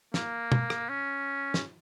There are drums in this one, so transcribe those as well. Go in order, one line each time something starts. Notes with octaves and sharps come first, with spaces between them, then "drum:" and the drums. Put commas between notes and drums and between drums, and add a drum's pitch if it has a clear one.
A#3, drum: snare
drum: tom B2
drum: rim click
C#4
drum: snare